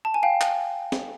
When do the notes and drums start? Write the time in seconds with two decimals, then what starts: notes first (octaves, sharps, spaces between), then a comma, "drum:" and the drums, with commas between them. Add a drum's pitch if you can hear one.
0.05 A5
0.14 G#5
0.23 F5 G5
0.41 drum: clap
0.92 drum: snare